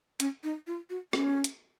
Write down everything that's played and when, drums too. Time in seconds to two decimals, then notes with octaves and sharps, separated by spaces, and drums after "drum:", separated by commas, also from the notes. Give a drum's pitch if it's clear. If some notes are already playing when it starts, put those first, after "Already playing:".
0.20 C#4, drum: hi-hat
0.44 D#4
0.67 F4
0.90 F#4
1.13 C#4, drum: rim click
1.44 drum: hi-hat